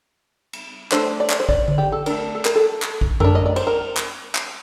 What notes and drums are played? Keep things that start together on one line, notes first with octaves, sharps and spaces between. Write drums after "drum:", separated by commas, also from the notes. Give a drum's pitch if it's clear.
drum: cymbal
A3 D4 C5, drum: clap
D5
drum: clap
C5
D5, drum: kick A1
drum: tom D3
G4
A4
A3 D4 A#4, drum: cymbal
A4
A#4, drum: clap
A4
drum: clap
drum: kick A1
A3 D4 A#4, drum: tom F#2
D#5
D5
C5, drum: cymbal
A#4
drum: clap
drum: clap